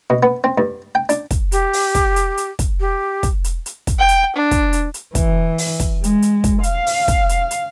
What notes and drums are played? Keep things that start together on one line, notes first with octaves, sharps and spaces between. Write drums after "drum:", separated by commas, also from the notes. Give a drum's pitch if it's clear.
B2
B3
C4
G2
G5
D4, drum: hi-hat
drum: kick, hi-hat
G4, drum: hi-hat
drum: open hi-hat
drum: kick, hi-hat
drum: hi-hat
drum: hi-hat
drum: kick, hi-hat
G4
drum: kick, hi-hat
drum: hi-hat
drum: hi-hat
drum: kick, hi-hat
G5
drum: hi-hat
D4
drum: kick, hi-hat
drum: hi-hat
drum: hi-hat
E3, drum: kick, hi-hat
drum: open hi-hat
drum: kick, hi-hat
G#3, drum: hi-hat
drum: hi-hat
drum: kick, hi-hat
F5, drum: hi-hat
drum: open hi-hat
drum: kick, hi-hat
drum: hi-hat
drum: hi-hat